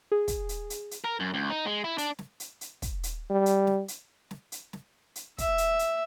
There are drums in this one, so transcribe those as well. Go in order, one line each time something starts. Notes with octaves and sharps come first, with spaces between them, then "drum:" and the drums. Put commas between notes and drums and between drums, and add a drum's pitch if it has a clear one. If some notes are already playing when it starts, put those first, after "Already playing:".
G#4
drum: kick, hi-hat
drum: hi-hat
drum: hi-hat
drum: hi-hat
A#4
F#2
C#2
D#4
G#3
E4
D4, drum: hi-hat
drum: snare
drum: hi-hat
drum: hi-hat
drum: kick, hi-hat
drum: hi-hat
G3
drum: hi-hat
drum: snare
drum: hi-hat
drum: snare
drum: hi-hat
drum: snare
drum: hi-hat
E5, drum: kick, hi-hat
drum: hi-hat
drum: hi-hat